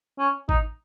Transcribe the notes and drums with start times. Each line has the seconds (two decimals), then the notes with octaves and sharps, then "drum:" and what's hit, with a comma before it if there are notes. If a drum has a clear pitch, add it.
0.19 C#4
0.49 D#4, drum: kick